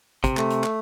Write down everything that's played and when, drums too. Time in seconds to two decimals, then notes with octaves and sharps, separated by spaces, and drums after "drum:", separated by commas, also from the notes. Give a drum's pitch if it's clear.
0.24 C3, drum: kick, hi-hat
0.37 A3, drum: clap
0.50 drum: hi-hat
0.64 drum: clap